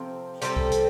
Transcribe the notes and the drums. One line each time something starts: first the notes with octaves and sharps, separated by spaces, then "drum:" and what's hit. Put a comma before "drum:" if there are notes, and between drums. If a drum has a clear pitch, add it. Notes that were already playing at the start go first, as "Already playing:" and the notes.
Already playing: C3 F3 C4 A4
C3 G3 C4 A4, drum: hi-hat
drum: kick C2
drum: hi-hat